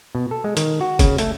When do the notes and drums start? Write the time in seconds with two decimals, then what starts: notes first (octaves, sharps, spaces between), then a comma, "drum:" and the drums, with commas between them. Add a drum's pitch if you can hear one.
0.15 B2
0.31 A4
0.44 G#3
0.57 D#3, drum: hi-hat
0.81 F#4
0.99 C#3, drum: kick F#1, hi-hat
1.18 A3, drum: hi-hat